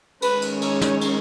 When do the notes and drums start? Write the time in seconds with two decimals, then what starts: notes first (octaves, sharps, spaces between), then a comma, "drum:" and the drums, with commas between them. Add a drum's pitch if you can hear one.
0.22 D#3 G#3 C#4 B4, drum: cymbal
0.42 drum: cymbal
0.62 C#5, drum: cymbal
0.81 drum: snare
1.01 drum: cymbal